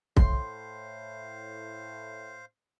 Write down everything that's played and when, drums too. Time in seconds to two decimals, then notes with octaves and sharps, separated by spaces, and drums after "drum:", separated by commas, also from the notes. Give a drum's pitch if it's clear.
0.17 A2 C5 F5 C6, drum: kick